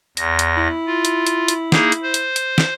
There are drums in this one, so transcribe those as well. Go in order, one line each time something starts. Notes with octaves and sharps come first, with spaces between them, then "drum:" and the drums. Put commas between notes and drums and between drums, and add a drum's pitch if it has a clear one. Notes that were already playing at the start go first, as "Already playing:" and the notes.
E2 A#6, drum: hi-hat
drum: hi-hat
E4
F4
drum: hi-hat
drum: hi-hat
drum: hi-hat
A#3 D#4 G#4, drum: snare
drum: hi-hat
C5
drum: hi-hat
drum: hi-hat
drum: snare